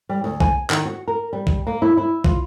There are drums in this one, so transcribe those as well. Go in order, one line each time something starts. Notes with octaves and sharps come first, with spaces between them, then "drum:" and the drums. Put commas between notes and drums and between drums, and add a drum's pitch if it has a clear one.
G3
D2
G#5, drum: kick
D#3, drum: clap
F#4
A#4
G3
drum: kick
A#3
E4
E4
F4, drum: kick